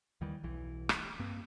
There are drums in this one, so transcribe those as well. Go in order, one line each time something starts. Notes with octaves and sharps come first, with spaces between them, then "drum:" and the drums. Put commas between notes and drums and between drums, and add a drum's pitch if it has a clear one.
D#2 D#3 E3 G3
B1 E3
drum: rim click
G2 A#3 C4